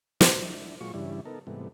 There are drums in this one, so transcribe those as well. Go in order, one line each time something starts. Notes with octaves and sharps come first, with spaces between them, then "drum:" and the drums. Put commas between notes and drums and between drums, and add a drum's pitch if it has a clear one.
A#2 D#3 F3, drum: snare
D4 E4
A#2 F#3 G#3 F4 C#6
G2 C#3 E3 G3 D4 E4
B3 D#4 A4 A#4
G#2 C3 E3 G3 A3 B3